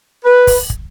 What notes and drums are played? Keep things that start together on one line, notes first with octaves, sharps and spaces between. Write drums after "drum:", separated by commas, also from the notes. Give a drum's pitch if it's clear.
B4
drum: kick, open hi-hat
drum: kick